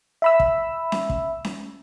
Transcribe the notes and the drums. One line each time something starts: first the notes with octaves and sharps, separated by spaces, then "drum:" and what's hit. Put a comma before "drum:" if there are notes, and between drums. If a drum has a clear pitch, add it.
E5 B5 E6
drum: kick
drum: snare C#4
drum: kick
drum: snare C#4